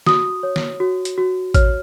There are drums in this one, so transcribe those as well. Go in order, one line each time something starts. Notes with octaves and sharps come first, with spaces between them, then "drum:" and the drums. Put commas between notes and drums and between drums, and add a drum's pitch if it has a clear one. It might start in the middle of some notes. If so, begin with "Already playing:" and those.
F#4 D#6, drum: snare
C#5
drum: snare
F#4
drum: hi-hat
F#4
C#5 F6, drum: kick A1, hi-hat